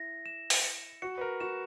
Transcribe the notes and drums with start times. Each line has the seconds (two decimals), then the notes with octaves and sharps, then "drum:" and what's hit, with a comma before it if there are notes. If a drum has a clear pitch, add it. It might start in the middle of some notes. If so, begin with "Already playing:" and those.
Already playing: E4 A#6
0.26 E7
0.50 drum: open hi-hat
0.64 C#7
1.02 F#4 C#7
1.18 B4
1.21 A#4
1.40 F#4 E7